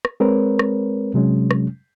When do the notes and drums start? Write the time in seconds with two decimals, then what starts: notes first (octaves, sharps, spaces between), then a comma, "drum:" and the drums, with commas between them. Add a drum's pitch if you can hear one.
0.05 drum: rim click
0.20 G#3 C4 A#4 B4 C#5
0.59 drum: rim click
1.14 C3 F#3 G#3 C#4
1.51 drum: rim click